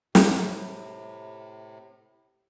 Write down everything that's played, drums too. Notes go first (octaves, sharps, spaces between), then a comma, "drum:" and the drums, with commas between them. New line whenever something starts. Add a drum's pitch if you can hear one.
A2 C3, drum: snare